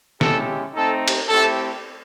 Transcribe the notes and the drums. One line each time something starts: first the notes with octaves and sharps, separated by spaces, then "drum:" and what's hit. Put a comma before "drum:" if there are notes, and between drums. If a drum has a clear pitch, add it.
G#3 C#4 E4 G4 A4, drum: snare
A3 C4 D#4 A4
drum: cymbal
A3 C4 E4 G4 A4